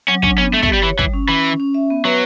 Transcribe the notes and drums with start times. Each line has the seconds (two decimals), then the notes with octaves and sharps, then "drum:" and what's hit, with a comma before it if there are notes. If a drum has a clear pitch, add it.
0.08 F#3 C#4
0.23 C#4 D4, drum: kick
0.38 B3 C#4
0.53 G3 A3
0.63 A3, drum: kick
0.68 G4
0.73 G3
0.83 E3 C#5
0.99 E3 G3, drum: kick
1.13 C#4
1.29 E3 C#4
1.45 C#4
1.60 C#4
1.74 E5
1.90 B3
2.05 F#3 B4